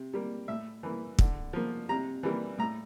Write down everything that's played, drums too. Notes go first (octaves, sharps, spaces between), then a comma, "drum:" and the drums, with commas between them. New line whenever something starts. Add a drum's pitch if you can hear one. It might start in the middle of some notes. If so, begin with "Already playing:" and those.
Already playing: C3
G3 A#3
A2 E5
E3 A#3
D3, drum: kick
F3 A#3
C3 A#5
E3 G3 A#3
A2 A#5